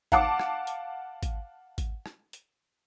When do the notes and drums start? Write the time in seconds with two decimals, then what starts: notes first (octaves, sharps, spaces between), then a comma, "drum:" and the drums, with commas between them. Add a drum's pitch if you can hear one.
0.12 F5 F#5 A5 D6, drum: kick G#1, hi-hat
0.39 drum: rim click
0.67 drum: hi-hat
1.23 drum: kick G#1, hi-hat
1.78 drum: kick G#1, hi-hat
2.06 drum: rim click
2.33 drum: hi-hat